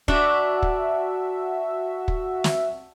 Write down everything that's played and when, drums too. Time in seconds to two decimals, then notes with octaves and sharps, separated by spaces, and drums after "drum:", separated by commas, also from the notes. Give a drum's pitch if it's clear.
0.08 D4 F#4 E5, drum: kick
0.63 drum: kick
2.08 drum: kick
2.44 drum: snare